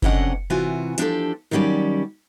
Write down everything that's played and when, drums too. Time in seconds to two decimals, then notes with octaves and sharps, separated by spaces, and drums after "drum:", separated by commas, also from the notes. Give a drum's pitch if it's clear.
0.02 F2 C3 C#4 D4 D#5 F#5, drum: kick F#1
0.50 C3 E3 F4 F#4 G#5
0.98 F3 D4 G4 A4, drum: hi-hat
1.51 D#3 F#3 G3 C#4 D5